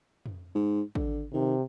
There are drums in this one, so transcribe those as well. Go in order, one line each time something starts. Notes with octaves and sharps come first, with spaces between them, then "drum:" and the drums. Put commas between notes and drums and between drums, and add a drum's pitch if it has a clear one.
drum: tom F2
G#2
D3, drum: kick
C3 D#3